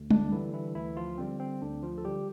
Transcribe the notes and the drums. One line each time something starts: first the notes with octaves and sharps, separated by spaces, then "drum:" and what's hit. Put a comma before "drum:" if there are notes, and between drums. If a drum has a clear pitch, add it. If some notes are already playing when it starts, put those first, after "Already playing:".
Already playing: D2
D3 D4, drum: tom G3
D3 E3 G3 E4
E3 E4
D2 E3 E4
F3 F4
D3 G3 C4
C4
D2 D3 D4
F3 F4
A4
D3 G3 G4